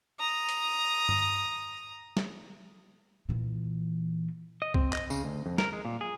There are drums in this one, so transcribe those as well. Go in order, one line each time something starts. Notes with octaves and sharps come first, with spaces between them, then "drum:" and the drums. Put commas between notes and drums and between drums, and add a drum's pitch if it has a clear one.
A#5 D#6
drum: hi-hat
drum: tom G2
drum: snare
A#2 E3
D#5
C4, drum: kick C2
D#5, drum: clap
C#3, drum: tambourine
D2
F2
A#4, drum: snare
G#3
A#2
G#4